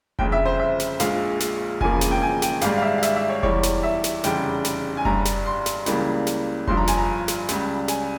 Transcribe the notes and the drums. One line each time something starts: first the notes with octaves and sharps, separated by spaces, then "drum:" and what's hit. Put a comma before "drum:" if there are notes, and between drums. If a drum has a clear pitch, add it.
G1 F2 C#3 G5, drum: kick F1
E5
C5
E5
drum: snare
A#1 A#2 G#3 F5, drum: snare
drum: snare
E1 E2 C#3 F3 A#3 G#5, drum: kick F1
drum: snare
G5
G#5
G5, drum: snare
G#1 G#2 G3 F5, drum: snare
F5
E5
F5
E5, drum: snare
E5
C#5
E2 E3 G3 C#5, drum: kick F1
drum: snare
E5
drum: snare
F1 E2 C#3 G3 G5, drum: snare
drum: snare
G#5
G1 G2 G3 A#5, drum: kick F1
drum: snare
C6
drum: snare
C#2 C#3 E3 G3 A#3, drum: snare
drum: snare
G1 G2 F3 C6, drum: kick F1
A#5
G#5, drum: snare
A#5
drum: snare
C#2 C#3 G3, drum: snare
G#5, drum: snare